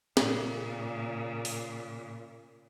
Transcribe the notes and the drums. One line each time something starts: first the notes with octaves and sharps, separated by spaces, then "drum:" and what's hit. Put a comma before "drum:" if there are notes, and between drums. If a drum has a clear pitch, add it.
A#2 C#3, drum: snare
drum: open hi-hat